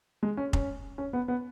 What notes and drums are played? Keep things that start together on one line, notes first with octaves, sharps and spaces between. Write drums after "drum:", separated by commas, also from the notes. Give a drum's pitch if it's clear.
G#3
C#4
C#4, drum: kick F1
C#4
B3
B3